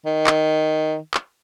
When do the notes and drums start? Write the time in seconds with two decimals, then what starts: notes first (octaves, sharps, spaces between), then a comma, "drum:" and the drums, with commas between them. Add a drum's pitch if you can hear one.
0.05 D#3
0.27 drum: clap
1.14 drum: clap